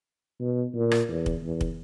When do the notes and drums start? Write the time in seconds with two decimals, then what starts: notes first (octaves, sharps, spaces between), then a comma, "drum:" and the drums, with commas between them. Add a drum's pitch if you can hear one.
0.40 B2
0.74 A#2
0.91 drum: rim click
1.09 E2
1.26 drum: kick
1.43 E2
1.61 drum: kick